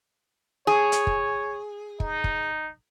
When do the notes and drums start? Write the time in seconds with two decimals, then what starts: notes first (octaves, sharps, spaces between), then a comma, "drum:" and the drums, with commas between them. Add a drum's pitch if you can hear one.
0.67 G#4 C#5
0.92 drum: hi-hat
1.07 drum: kick
2.00 D#4, drum: kick
2.24 drum: kick